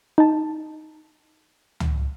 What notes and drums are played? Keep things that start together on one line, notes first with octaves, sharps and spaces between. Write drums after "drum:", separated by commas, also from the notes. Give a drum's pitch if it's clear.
D#4 A5
drum: tom C#2